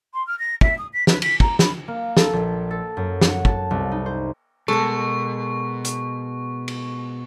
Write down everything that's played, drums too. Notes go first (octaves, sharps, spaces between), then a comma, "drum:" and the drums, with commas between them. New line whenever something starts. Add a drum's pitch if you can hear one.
C6
F6
A#6
E5, drum: kick
D#6
B6
B4, drum: snare
B6, drum: cymbal
A#5, drum: kick
B5, drum: snare
A#3
A4, drum: snare
A#1
A4
F#2
F#5, drum: snare
A5, drum: kick
C2
D#4
C5
B2 G#3 A4 A#4 C#6
drum: hi-hat
drum: cymbal